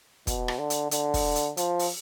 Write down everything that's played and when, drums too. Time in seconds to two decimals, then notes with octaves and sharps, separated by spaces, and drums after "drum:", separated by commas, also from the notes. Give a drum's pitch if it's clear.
0.27 B2, drum: kick, hi-hat
0.48 drum: rim click
0.59 D3
0.70 drum: hi-hat
0.91 D3, drum: hi-hat
1.14 drum: kick, open hi-hat
1.36 drum: hi-hat
1.57 F3, drum: hi-hat
1.79 drum: open hi-hat